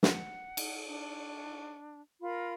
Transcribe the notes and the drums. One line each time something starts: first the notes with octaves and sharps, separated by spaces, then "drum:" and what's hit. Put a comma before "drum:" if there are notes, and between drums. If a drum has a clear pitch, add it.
F#5, drum: snare
drum: cymbal
D4
F4 A#4 B5